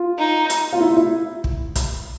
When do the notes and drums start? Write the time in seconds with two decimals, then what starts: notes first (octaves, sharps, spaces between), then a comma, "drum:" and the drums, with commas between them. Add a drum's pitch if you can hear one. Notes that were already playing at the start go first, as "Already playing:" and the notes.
Already playing: F4
0.18 D#4
0.50 drum: hi-hat
0.72 F4
0.81 E4
0.97 E4
1.44 drum: kick
1.75 drum: kick, hi-hat